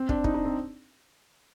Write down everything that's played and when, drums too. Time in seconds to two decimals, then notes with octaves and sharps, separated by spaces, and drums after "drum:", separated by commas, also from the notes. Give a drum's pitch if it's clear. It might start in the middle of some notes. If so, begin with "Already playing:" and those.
Already playing: C4
0.09 D4, drum: kick
0.24 D#4, drum: kick
0.34 D#4
0.45 C4